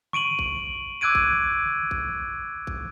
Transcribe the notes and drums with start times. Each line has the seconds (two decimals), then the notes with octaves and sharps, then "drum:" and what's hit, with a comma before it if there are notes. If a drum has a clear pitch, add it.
0.13 C#6 D7 D#7 F#7, drum: tom C#3
0.39 drum: kick A1
1.01 D6 E6 F#6 G#6 D7 D#7
1.15 drum: kick A1
1.66 drum: tom C#3
1.91 drum: kick A1
2.67 drum: kick A1